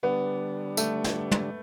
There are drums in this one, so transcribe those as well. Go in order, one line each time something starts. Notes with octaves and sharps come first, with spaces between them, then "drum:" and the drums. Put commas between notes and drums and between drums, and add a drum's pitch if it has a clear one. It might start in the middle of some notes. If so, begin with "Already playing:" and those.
D3 G3 B3 D4
A3, drum: tambourine
drum: snare
drum: tom